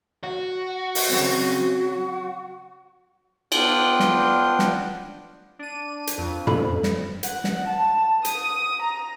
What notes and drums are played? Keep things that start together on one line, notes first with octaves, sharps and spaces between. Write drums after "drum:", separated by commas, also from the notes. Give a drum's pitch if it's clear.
F#4
drum: open hi-hat
C#3 F#3 C4
F#3
B3 D4 F4 G5 C6 G6, drum: cymbal
drum: snare
drum: snare
D4 D#7
drum: hi-hat
F2
A4 B5, drum: tom
drum: snare
F#5, drum: hi-hat
drum: snare
A5
D#6, drum: hi-hat
A#5